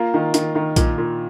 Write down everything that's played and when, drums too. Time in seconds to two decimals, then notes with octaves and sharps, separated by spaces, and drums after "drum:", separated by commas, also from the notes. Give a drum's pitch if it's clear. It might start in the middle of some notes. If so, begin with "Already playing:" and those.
Already playing: A#3 F4
0.14 D#3
0.34 D#3, drum: hi-hat
0.55 D#3
0.76 A#2, drum: kick A#1, hi-hat
0.98 A#2